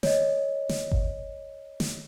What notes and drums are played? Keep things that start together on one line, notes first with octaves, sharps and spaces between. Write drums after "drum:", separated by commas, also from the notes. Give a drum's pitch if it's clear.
C#5 D#5, drum: snare
drum: snare
drum: kick G1
drum: snare